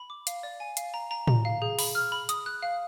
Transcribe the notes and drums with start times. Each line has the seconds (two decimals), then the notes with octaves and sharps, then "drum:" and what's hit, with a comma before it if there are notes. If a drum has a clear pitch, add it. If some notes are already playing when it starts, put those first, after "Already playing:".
Already playing: B5
0.10 D6
0.27 F5, drum: hi-hat
0.43 D5
0.60 G#5
0.77 F5, drum: hi-hat
0.94 A#5
1.11 A#5
1.28 A#5, drum: tom A2
1.45 F5
1.62 G#4
1.79 B5, drum: open hi-hat
1.95 F6
2.12 B5
2.29 D#6, drum: hi-hat
2.46 F#6
2.62 F5